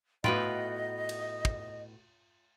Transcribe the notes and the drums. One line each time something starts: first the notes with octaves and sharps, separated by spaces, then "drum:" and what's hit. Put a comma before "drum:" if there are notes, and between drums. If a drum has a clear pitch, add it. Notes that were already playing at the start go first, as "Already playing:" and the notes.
A2 A3 B3 F4 F#4 B4 D#5 G5, drum: tom A2
drum: cymbal
drum: kick